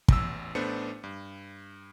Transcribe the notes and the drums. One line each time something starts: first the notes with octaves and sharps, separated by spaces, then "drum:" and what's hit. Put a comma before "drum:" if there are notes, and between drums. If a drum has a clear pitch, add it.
A1 E2 E6, drum: kick
A1 A3 B3 D4 C5 C#7
G2